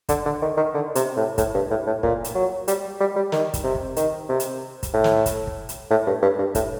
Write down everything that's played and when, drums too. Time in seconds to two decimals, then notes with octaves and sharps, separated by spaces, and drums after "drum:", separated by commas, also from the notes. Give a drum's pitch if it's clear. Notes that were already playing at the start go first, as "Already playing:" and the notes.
0.09 D3, drum: kick, hi-hat
0.26 D3
0.42 D#3
0.57 D#3
0.74 D3
0.95 C3, drum: hi-hat
1.17 A2
1.38 A2, drum: kick, hi-hat
1.55 G2
1.71 A2
1.87 A2
2.03 A#2, drum: kick
2.24 drum: hi-hat
2.35 F#3
2.68 G3, drum: hi-hat
3.00 G3
3.16 G3
3.32 D#3, drum: snare
3.54 drum: kick, hi-hat
3.64 C3
3.75 drum: kick
3.96 D#3, drum: hi-hat
4.29 C3
4.40 drum: hi-hat
4.83 drum: kick, hi-hat
4.94 A2
5.04 drum: snare
5.26 drum: kick, hi-hat
5.47 drum: kick
5.69 drum: hi-hat
5.90 A2
6.06 G2
6.22 G2
6.39 G2
6.55 A2, drum: kick, hi-hat